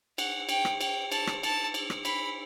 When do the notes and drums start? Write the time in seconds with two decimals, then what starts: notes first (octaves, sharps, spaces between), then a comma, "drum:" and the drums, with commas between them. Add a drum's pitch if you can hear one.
0.18 F#5, drum: cymbal
0.49 G5, drum: cymbal
0.65 drum: rim click
0.81 G5, drum: cymbal
1.12 A5, drum: cymbal
1.27 drum: rim click
1.43 A5, drum: cymbal
1.74 drum: cymbal
1.90 drum: rim click
2.05 B5, drum: cymbal